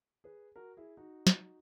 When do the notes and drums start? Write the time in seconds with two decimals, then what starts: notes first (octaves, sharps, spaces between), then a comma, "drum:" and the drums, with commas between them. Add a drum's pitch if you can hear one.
0.24 G#4 B4
0.56 F#4 A#4
0.77 E4 G#4
0.97 D#4 F#4
1.27 drum: snare